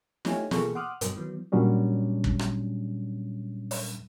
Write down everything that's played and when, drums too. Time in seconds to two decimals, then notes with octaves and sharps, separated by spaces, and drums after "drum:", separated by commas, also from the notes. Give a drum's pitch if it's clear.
0.25 A3 D#4 E4 G4 C#5 G#5, drum: snare
0.51 B2 E3 A#3 G#4 A4 C#6, drum: snare
0.75 F#5 C6 D6 D#6 F6 F#6
1.01 G2 B2 F#3, drum: hi-hat
1.16 D#3 E3 F#3 B3
1.52 A#2 F#3 G3 C#4 D4
2.24 drum: kick
2.39 drum: rim click
3.71 drum: open hi-hat